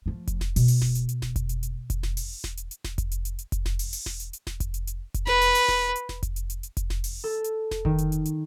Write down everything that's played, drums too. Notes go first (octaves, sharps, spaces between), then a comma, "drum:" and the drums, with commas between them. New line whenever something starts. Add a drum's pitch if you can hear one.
F3 A3
drum: kick F1, hi-hat
drum: snare E1
B2, drum: open hi-hat
drum: open hi-hat
drum: snare E1
drum: hi-hat
drum: hi-hat
drum: snare E1
drum: kick F1, hi-hat
drum: hi-hat
drum: hi-hat
drum: kick F1, hi-hat
drum: snare E1
drum: open hi-hat
drum: snare E1
drum: hi-hat
drum: hi-hat
drum: snare E1
drum: kick F1, hi-hat
drum: hi-hat
drum: hi-hat
drum: hi-hat
drum: kick F1, hi-hat
drum: snare E1
drum: open hi-hat
drum: open hi-hat
drum: snare E1
drum: hi-hat
drum: hi-hat
drum: snare E1
drum: kick F1, hi-hat
drum: hi-hat
drum: hi-hat
drum: kick F1, hi-hat
B4, drum: snare E1
drum: open hi-hat
drum: open hi-hat
drum: snare E1
drum: hi-hat
drum: snare E1
drum: kick F1, hi-hat
drum: hi-hat
drum: hi-hat
drum: hi-hat
drum: kick F1, hi-hat
drum: snare E1
drum: open hi-hat
A4
drum: hi-hat
drum: snare E1
D#3, drum: kick F1
drum: hi-hat
drum: hi-hat
drum: hi-hat